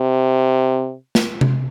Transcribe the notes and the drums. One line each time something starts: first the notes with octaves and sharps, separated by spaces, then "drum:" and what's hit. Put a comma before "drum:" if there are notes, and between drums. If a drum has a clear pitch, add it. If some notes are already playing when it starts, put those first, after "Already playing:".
Already playing: C3
drum: snare
drum: tom C3